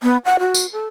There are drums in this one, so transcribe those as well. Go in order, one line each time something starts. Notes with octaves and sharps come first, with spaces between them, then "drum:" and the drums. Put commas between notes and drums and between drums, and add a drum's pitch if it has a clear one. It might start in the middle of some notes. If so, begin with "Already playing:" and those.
B3
F#5
F#4
drum: tambourine
A4